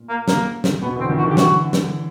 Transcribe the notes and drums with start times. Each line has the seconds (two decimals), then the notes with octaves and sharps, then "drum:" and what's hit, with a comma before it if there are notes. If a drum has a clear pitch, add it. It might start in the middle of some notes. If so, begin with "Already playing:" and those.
Already playing: A#2
0.09 A#3
0.28 A#3, drum: snare
0.64 drum: snare
0.82 B2 B3
0.96 D3 E3 C4
1.09 D#3 F3
1.18 F#4
1.23 D3 E3
1.30 G4
1.37 F#4, drum: snare
1.73 drum: snare